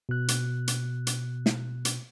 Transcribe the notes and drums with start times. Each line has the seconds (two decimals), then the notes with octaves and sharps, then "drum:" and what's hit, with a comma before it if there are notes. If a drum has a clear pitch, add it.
0.09 B2 F#6
0.28 drum: hi-hat
0.68 drum: hi-hat
1.07 drum: hi-hat
1.46 drum: snare
1.85 drum: hi-hat